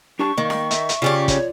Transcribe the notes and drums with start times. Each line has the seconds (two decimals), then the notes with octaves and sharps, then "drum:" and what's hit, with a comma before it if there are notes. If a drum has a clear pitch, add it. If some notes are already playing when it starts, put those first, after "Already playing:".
0.19 D4 G4 A5 C#6
0.38 D#3 A#3
0.50 drum: snare D#4
0.71 E5, drum: hi-hat
0.89 drum: hi-hat
1.02 C#3 C#4 F4 G4 D5
1.28 C#5, drum: kick, hi-hat